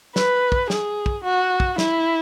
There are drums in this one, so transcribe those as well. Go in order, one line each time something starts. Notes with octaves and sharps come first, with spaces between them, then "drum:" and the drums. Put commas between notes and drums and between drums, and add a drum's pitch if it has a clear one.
B4, drum: snare
drum: kick
G#4, drum: snare
drum: kick
F#4
drum: kick
E4, drum: snare